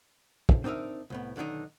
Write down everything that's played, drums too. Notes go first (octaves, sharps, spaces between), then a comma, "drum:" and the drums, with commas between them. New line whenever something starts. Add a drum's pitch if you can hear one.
drum: kick
C4 D4 D#4 A#4 E5
C2 A2 B3
B1 D3 D#3 D4 D#4